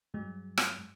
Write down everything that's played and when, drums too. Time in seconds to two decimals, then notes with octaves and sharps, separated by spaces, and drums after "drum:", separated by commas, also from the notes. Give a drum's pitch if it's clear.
0.14 G2 F#3 G#3
0.57 drum: rim click